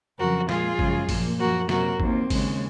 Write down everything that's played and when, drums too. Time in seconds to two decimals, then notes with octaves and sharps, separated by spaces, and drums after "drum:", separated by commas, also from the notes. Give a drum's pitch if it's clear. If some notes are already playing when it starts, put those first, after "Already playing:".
0.18 F2 C#3 F#3 F#4 A#4
0.49 A#2 G#3 F4 G#4, drum: snare
0.79 F#2 C#3 F3 G#3, drum: kick G#1
1.09 A#2 F3 A#3, drum: kick G#1, open hi-hat
1.39 F#2 F3 A#3 F#4 A#4
1.69 C3 F#3 A#3 F#4 A#4, drum: snare
2.00 D#2 D#3 A#3 C4, drum: kick G#1
2.30 D#2 C#3 G#3, drum: kick G#1, open hi-hat